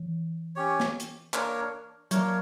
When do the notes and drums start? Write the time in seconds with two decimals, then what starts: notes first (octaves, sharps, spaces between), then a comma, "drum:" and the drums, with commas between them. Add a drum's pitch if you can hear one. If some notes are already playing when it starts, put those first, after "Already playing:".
Already playing: E3
0.56 C#4 G4 C#5
0.80 drum: snare
1.00 drum: hi-hat
1.34 A#3 D4 A#4 C#5, drum: clap
2.11 F#3 A#3 D4 A#4 C#5, drum: hi-hat